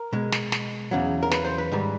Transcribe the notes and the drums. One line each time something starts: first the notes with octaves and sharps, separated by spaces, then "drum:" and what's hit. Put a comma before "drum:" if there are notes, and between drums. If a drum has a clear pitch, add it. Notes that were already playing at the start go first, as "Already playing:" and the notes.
Already playing: A#4
B2 G#3
drum: snare
drum: snare
E2 C#3 F#3
A#4
B4, drum: snare
C5
B4
G#2 D#3 G3